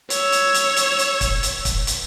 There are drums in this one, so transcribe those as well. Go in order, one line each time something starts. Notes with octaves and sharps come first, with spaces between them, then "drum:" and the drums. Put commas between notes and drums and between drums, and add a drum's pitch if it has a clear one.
C#5 E6, drum: hi-hat
drum: hi-hat
drum: hi-hat
drum: hi-hat
drum: hi-hat
drum: kick, hi-hat
drum: hi-hat
drum: kick, hi-hat
drum: hi-hat